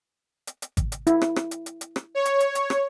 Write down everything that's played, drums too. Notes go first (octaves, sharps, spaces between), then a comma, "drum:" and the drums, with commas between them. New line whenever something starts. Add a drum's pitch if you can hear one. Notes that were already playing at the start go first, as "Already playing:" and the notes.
drum: hi-hat
drum: hi-hat
drum: kick G#1, hi-hat
drum: hi-hat
E4, drum: hi-hat
drum: rim click
drum: rim click
drum: hi-hat
drum: hi-hat
drum: hi-hat
drum: rim click
C#5
drum: hi-hat
drum: hi-hat
drum: hi-hat
drum: rim click